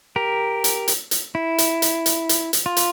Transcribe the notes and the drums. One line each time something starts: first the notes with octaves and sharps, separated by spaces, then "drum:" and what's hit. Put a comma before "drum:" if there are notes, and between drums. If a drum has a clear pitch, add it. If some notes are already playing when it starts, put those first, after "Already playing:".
G4 A#4
drum: hi-hat
drum: hi-hat
drum: hi-hat
E4
drum: hi-hat
drum: hi-hat
drum: hi-hat
drum: hi-hat
drum: hi-hat
F4
drum: hi-hat